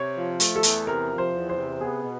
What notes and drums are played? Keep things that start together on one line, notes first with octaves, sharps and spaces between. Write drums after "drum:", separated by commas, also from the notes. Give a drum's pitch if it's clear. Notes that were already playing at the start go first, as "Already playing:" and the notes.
Already playing: C3 C#5
F3
A3, drum: hi-hat
A4
E2, drum: hi-hat
C3 A#4
F3
C5
E2
C5
C3
B3 G#4
B2